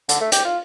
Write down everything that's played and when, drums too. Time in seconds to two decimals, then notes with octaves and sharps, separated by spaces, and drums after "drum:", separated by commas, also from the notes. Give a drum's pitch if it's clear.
0.09 D3, drum: hi-hat
0.21 A3
0.32 G4, drum: hi-hat
0.45 F4